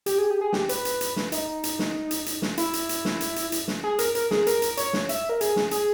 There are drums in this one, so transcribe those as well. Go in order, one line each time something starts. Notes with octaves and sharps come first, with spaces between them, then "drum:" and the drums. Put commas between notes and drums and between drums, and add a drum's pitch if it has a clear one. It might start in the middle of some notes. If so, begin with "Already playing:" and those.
G4, drum: hi-hat
G#4
G4
G#4
G4, drum: snare
B4, drum: hi-hat
drum: hi-hat
drum: hi-hat
drum: snare
D#4, drum: hi-hat
drum: hi-hat
drum: snare
drum: hi-hat
drum: hi-hat
drum: snare
E4, drum: hi-hat
drum: hi-hat
drum: hi-hat
drum: snare
drum: hi-hat
drum: hi-hat
drum: hi-hat
drum: snare
G#4
A#4, drum: hi-hat
A#4, drum: hi-hat
G#4, drum: snare
A#4, drum: hi-hat
drum: hi-hat
C#5, drum: hi-hat
drum: snare
E5, drum: hi-hat
A#4
G#4, drum: hi-hat
drum: snare
G#4, drum: hi-hat